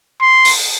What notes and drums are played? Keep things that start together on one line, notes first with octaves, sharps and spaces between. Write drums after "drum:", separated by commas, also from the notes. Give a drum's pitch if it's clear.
C6
drum: open hi-hat